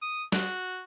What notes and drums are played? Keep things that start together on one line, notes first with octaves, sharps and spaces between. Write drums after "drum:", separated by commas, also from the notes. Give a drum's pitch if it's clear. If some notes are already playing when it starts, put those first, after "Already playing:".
D#6
F#4, drum: snare